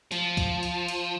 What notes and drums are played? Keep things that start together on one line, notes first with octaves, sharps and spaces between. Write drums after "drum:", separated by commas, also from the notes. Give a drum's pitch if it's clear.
F3, drum: hi-hat
drum: kick C2, hi-hat
drum: hi-hat
drum: hi-hat